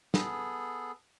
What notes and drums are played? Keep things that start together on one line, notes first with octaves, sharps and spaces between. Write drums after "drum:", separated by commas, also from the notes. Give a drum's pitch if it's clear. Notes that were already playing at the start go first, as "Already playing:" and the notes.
B3 G#4 A4, drum: snare